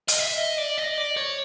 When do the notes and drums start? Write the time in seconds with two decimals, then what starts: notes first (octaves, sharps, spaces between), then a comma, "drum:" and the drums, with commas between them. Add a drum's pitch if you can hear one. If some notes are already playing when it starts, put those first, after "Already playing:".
0.08 D#5, drum: hi-hat
0.18 E5
0.38 D#5
0.58 D5
0.78 D#5
0.98 D5
1.17 C#5